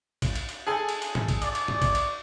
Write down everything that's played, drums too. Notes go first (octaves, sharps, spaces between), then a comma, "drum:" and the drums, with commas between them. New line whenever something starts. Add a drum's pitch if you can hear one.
drum: kick A1, cymbal
drum: cymbal
drum: cymbal
G#4 A4 G#5
drum: cymbal
drum: cymbal
drum: tom G#2
drum: kick A1, cymbal
D5, drum: cymbal
drum: cymbal
drum: tom
drum: kick A1, cymbal
drum: cymbal